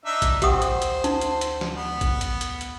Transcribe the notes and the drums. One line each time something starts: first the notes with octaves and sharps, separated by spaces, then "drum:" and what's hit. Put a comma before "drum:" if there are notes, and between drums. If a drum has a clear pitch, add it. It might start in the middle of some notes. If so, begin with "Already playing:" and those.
D4 D#4 E5
drum: kick, hi-hat
D2 G4 C5 E5 F#5 G5 D#6, drum: kick, hi-hat
drum: hi-hat
drum: hi-hat
D#4, drum: hi-hat
drum: hi-hat
drum: hi-hat
drum: snare
B3
drum: kick, hi-hat
drum: hi-hat
drum: hi-hat
drum: hi-hat